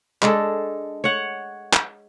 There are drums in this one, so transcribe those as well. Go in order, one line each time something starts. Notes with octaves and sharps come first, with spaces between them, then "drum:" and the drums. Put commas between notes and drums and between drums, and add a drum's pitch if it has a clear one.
G#3 D4 A4, drum: clap
C#5 F#5
drum: clap